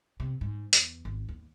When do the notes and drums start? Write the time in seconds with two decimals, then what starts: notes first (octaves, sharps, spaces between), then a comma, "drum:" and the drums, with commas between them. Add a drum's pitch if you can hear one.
0.20 C3
0.41 G#2
0.73 E2, drum: hi-hat
1.05 G#1
1.29 D#2